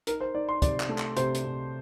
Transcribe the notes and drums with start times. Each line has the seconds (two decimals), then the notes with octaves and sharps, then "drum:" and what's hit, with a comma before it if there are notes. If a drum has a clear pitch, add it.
0.07 D#4 A#4, drum: hi-hat
0.21 C5
0.35 D#4 D5
0.49 C6
0.62 C3 D5, drum: kick, hi-hat
0.80 drum: clap
0.89 A3
0.98 drum: clap
1.17 C3 C5, drum: hi-hat
1.35 drum: hi-hat
1.44 C3